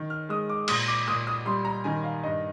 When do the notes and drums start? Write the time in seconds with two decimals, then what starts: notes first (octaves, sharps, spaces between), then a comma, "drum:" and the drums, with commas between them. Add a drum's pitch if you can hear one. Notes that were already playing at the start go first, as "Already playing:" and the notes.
Already playing: D#3
0.10 F6
0.29 G#3 D#6
0.49 D6
0.68 A#2 D#6, drum: cymbal
0.88 D6
1.07 A#2 D#6
1.27 D#6
1.45 G3 C6
1.65 A#5
1.84 D#3 G#5
2.04 F5
2.23 G2 D#5